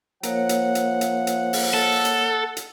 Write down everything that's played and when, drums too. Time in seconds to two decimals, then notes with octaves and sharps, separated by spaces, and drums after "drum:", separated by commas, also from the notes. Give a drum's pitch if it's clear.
0.23 F3 A#3 A#4 C#5 F#5, drum: hi-hat
0.49 drum: hi-hat
0.75 drum: hi-hat
1.01 drum: hi-hat
1.27 drum: hi-hat
1.53 drum: open hi-hat
1.74 A4
2.05 drum: hi-hat
2.57 drum: hi-hat